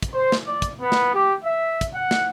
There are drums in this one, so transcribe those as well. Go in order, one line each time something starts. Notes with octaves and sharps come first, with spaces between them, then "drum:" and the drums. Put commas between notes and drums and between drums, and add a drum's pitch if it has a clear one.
drum: kick, hi-hat
C5
drum: snare
D5
drum: kick, hi-hat
B3
drum: snare
G4
E5
drum: kick, hi-hat
F#5
drum: snare